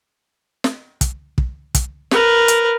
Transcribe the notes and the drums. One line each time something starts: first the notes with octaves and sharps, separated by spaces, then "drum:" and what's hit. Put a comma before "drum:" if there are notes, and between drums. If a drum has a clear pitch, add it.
drum: snare
drum: kick, hi-hat
drum: kick
drum: kick, hi-hat
A#4 B4, drum: snare
drum: hi-hat